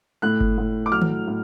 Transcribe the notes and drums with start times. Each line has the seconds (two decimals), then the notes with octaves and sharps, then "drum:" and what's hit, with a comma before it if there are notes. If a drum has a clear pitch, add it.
0.22 A2 F#6
0.41 drum: kick G1
0.58 A2
0.86 D6
0.92 F#3 F6
1.02 drum: tom D#3
1.28 A2